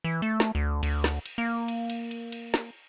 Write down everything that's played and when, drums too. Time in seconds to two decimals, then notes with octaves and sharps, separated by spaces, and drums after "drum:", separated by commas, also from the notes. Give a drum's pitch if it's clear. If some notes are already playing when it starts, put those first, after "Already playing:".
0.04 E3
0.22 A3
0.40 drum: snare
0.55 D2
0.83 D2, drum: cymbal
1.04 drum: snare
1.26 drum: cymbal
1.38 A#3
1.68 drum: cymbal
1.90 drum: cymbal
2.11 drum: cymbal
2.32 drum: cymbal
2.54 drum: snare